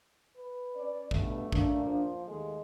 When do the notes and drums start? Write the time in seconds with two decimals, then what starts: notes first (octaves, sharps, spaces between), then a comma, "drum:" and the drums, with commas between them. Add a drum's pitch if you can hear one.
0.37 B4
0.76 C#4 C#5 D5
1.11 G2 B2 A3, drum: kick
1.52 A#3 C#4 D4, drum: kick
1.85 F3
2.27 D#2 G#3 A3